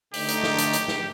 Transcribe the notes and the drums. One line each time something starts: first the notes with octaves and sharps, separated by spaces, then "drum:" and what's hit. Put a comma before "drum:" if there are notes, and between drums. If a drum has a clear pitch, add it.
D3 A3 D#4 G4, drum: open hi-hat
drum: hi-hat
drum: snare
drum: hi-hat
drum: hi-hat
drum: snare